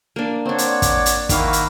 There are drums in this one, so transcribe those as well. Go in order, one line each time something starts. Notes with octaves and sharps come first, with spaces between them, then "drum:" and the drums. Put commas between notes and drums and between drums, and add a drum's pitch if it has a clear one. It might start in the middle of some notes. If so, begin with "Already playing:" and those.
A#3 D4
C4 D4 C#5 D5 F#5
drum: hi-hat
drum: kick, hi-hat
drum: hi-hat
D#3 A#3 E4 F#4 F5, drum: kick, hi-hat
drum: hi-hat